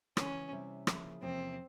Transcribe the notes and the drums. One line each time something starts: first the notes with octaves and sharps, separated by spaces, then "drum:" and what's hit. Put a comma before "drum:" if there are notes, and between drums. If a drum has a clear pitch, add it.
C#3 E3 G#3 C#4, drum: rim click
C3 G3 C4 E4
C#3 F3 A#3 E4, drum: rim click
E2 C3 F3 A#3 C4 C#4